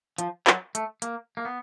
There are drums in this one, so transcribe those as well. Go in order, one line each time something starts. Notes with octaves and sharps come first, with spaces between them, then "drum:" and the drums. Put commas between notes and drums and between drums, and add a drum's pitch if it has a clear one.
F3, drum: hi-hat
F#3, drum: clap
A3, drum: hi-hat
A#3, drum: hi-hat
A#3
B3